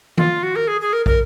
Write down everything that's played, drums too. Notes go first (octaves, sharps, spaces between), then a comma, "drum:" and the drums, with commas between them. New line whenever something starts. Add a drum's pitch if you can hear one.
F4, drum: tom D#3
F#4
A#4
G#4
G#4
A#4
A#4, drum: kick